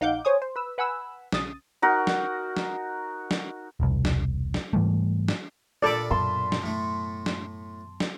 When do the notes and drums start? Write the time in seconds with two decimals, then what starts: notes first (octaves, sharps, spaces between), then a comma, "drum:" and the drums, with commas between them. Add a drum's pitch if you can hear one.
0.01 A#1 D#4 F5 F#5 D6 G6
0.25 C5 C#5 G#5 D#6
0.42 C5
0.56 B4 E6
0.78 B4 F#5 G#5 B5 E6
1.32 B1 C#3 D#6 A6, drum: snare
1.82 D#4 F#4 A#4
2.07 drum: snare
2.57 drum: snare
3.31 drum: snare
3.80 E1 C2
4.05 drum: snare
4.54 drum: snare
4.73 G#2 E3 G3 A3
5.28 drum: snare
5.82 A#2 D4 A4 D5 B5
6.11 F#2 B2 A5 C6
6.52 drum: snare
6.62 A2 A3
7.26 drum: snare
8.00 drum: snare